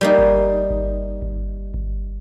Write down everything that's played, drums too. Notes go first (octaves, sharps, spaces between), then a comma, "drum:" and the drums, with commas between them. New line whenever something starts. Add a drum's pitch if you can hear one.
G3 A#3 D#4
drum: kick G1
drum: kick G1
drum: kick G1
drum: kick G1